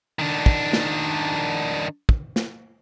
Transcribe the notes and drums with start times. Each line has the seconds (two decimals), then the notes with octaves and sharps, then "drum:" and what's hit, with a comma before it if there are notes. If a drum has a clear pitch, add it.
0.19 D#3 D4
0.46 drum: kick
0.73 drum: snare
2.09 drum: kick
2.36 drum: snare